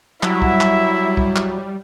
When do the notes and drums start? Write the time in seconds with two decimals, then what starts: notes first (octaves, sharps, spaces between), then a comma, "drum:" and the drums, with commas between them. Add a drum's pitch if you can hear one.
0.23 F#3 G3 E4 E5, drum: clap
0.42 drum: kick
0.61 drum: clap
1.17 drum: kick
1.36 drum: clap